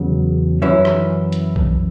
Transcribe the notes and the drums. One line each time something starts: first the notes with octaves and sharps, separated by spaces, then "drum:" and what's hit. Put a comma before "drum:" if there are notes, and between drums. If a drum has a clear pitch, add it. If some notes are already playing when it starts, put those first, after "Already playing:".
Already playing: E2 C#3 F#3
F#2 E3 C#4 E4
drum: rim click
drum: hi-hat
drum: kick B1